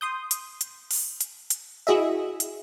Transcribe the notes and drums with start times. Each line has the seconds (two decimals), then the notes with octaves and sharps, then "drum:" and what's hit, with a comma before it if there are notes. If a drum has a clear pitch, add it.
0.01 C6 D#6 G6
0.31 drum: hi-hat
0.61 drum: hi-hat
0.91 drum: open hi-hat
1.21 drum: hi-hat
1.50 drum: hi-hat
1.87 E4 F#4 G#4 D#5 E5
2.40 drum: hi-hat